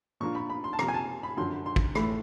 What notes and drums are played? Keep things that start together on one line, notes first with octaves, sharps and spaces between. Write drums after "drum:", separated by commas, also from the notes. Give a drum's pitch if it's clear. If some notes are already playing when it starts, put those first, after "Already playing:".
A#2 F3 A#3 D4 F4 C#6
B5
B5
C6
A5
C3 F3 A#3 A#5, drum: rim click
G#5
A5
B5
F#2 D3 F3 C6
C6
drum: kick
A2 E3 A3 B5, drum: rim click